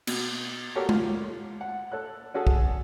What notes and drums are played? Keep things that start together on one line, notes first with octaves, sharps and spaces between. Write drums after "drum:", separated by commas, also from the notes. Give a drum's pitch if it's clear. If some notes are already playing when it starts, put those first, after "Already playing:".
B2, drum: cymbal
F#4 G4 A4 A#4 C#5 D5
F4, drum: tom
F#5
A4 C#5 F#6
C#4 F#4 G#4 A4
drum: kick